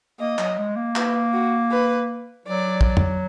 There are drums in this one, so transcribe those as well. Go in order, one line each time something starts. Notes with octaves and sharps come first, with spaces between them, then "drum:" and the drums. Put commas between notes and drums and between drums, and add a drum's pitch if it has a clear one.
A#3 D#5
F#3, drum: clap
G#3
A#3
B4, drum: clap
F#4
B4
F#3 D5
drum: kick
drum: tom